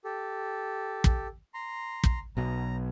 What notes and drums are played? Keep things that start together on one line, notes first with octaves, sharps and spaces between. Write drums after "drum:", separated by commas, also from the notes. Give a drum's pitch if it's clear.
G4 A4
drum: kick
A#5 C6
drum: kick
B1 B2 A#5